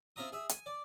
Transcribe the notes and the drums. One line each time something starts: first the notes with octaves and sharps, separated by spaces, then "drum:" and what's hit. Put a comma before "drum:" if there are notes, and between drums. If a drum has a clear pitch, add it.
C4 F4 E5 A#5 D#6
G#4 E5
G#5, drum: hi-hat
D5